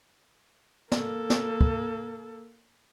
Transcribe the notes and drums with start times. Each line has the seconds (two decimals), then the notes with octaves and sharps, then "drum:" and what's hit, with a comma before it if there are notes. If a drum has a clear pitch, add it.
0.92 A#3 A4, drum: snare
1.30 drum: snare
1.61 drum: kick